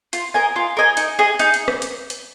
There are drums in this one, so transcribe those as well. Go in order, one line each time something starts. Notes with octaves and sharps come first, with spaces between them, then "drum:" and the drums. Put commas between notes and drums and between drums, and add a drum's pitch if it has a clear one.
F4, drum: hi-hat
A#4 D#5 G#5
F4
A#4 D#5 G#5
D#4, drum: hi-hat
G#4 D#5
D#4, drum: hi-hat
drum: hi-hat
drum: rim click
drum: hi-hat
drum: hi-hat